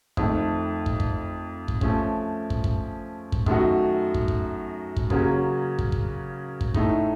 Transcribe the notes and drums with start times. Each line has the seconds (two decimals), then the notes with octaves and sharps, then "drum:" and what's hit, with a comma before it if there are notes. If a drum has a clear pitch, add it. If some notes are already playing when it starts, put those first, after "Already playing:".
0.17 F2 D#3 A3, drum: kick
0.86 drum: kick
1.00 drum: kick
1.68 drum: kick
1.81 F3 A3 C#4, drum: kick
2.50 drum: kick
2.64 drum: kick
3.32 drum: kick
3.46 F#2 D#3 A3 D#4 F#4, drum: kick
4.14 drum: kick
4.28 drum: kick
4.97 drum: kick
5.10 C#3 F#3 A#3 C#4 F#4, drum: kick
5.79 drum: kick
5.92 drum: kick
6.61 drum: kick
6.74 A2 A3 D#4, drum: kick